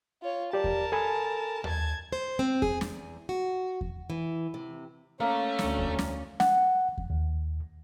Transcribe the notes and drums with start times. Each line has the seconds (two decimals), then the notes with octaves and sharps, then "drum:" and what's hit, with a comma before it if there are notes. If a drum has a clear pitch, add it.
0.22 F4 C#5
0.53 G4 A#4 D5 A5
0.64 drum: kick E2
0.92 A4 G#5 B5
1.64 A5 G#6, drum: tom D#2
2.13 C5
2.39 C4
2.62 G#4, drum: kick E2
2.81 E2, drum: snare
3.29 F#4
3.81 drum: kick E2
4.10 E3
4.54 C3
5.20 A3 A#3 C#4
5.59 D2, drum: snare
5.79 drum: kick E2
5.99 drum: snare
6.40 F#5, drum: snare
6.98 drum: kick E2
7.10 D#2